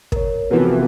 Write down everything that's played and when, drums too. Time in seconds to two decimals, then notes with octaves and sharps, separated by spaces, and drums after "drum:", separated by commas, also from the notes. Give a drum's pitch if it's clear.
0.12 A#4 C#5, drum: kick
0.51 C3 E3 F3 B3 F#4 G#4 A4